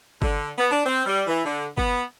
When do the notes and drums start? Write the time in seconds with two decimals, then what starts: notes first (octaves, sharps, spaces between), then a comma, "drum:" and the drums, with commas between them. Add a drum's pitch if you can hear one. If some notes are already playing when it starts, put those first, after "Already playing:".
0.22 D3, drum: kick G1
0.58 B3
0.72 D4
0.86 C4
1.06 G3
1.27 E3
1.45 D3
1.78 B3, drum: kick G1